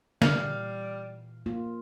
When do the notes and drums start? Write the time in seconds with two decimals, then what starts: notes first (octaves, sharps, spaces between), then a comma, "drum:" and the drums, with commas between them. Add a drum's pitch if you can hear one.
0.22 G3 E5 F5, drum: snare
0.45 A#2 E3
1.46 A#3 F4